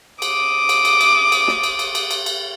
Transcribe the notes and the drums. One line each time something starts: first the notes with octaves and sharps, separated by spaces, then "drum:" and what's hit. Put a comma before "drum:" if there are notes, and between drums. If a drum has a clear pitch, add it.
D6 D#6, drum: cymbal
drum: cymbal
drum: cymbal
drum: cymbal
drum: cymbal
drum: snare
drum: cymbal
drum: cymbal
drum: cymbal
drum: cymbal
drum: cymbal